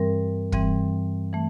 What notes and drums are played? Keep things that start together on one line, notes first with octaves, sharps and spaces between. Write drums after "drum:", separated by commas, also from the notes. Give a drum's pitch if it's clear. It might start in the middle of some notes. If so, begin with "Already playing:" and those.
Already playing: G2 E3 G3 C4 A#4
G2 E3 G3 C4, drum: kick
E3 A3